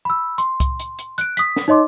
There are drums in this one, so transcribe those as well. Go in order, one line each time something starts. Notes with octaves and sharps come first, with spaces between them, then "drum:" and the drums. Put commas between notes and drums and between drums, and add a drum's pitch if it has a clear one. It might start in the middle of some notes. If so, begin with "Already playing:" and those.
B5 E6
C6, drum: hi-hat
drum: kick C2, hi-hat
drum: hi-hat
drum: hi-hat
F#6 D7, drum: hi-hat
D#6 B6, drum: hi-hat
drum: snare
D#4 C#5 D#5 C6 D6